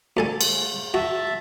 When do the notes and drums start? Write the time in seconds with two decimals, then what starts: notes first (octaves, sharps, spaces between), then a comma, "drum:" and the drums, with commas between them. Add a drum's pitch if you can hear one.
0.17 D2 A4 G#5
0.41 drum: cymbal
0.94 F#4 E5 A5